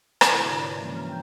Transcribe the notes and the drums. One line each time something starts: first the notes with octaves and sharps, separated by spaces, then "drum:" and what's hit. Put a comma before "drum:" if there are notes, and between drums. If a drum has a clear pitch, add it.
C3 E4 F4 A#4 C6, drum: rim click
G#2 D3 D4 F#4
B4 C#5 D5
C#3 E3 F3 G#3 A#3 C#4
F#4 A#5 F6
G5 A#5 F6 G6